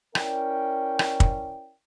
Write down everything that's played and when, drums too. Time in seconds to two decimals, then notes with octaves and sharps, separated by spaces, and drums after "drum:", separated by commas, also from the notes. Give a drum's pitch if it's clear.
0.15 C#4 E4 A#4 D5 G5, drum: rim click
0.99 drum: rim click
1.20 drum: kick